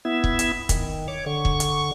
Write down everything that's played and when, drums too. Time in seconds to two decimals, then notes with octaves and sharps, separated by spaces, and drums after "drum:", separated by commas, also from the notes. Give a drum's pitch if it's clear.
0.05 B3 E4 E5
0.24 drum: kick
0.39 drum: hi-hat
0.69 D#3, drum: kick, hi-hat
1.08 C#5 D6
1.26 D3 C#6
1.45 drum: kick
1.60 drum: hi-hat